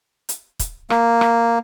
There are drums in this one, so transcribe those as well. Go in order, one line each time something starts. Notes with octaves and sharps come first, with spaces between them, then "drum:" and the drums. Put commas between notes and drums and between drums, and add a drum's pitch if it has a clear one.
drum: hi-hat
drum: kick, hi-hat
A#3, drum: rim click
drum: rim click